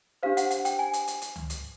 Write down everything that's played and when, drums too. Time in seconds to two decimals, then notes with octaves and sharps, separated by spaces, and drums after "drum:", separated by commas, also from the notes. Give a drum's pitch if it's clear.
0.23 D4 G4 C5 F5
0.37 F#5, drum: hi-hat
0.51 F#5, drum: hi-hat
0.65 G5, drum: hi-hat
0.79 G#5
0.93 drum: hi-hat
1.07 drum: hi-hat
1.22 drum: hi-hat
1.36 drum: tom C#2
1.50 drum: hi-hat